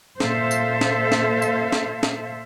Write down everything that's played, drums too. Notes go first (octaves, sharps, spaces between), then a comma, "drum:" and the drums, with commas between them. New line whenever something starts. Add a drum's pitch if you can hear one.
A#2 A4 C5 E5 F5, drum: snare
drum: tambourine
drum: snare
drum: snare
drum: tambourine
drum: snare
drum: snare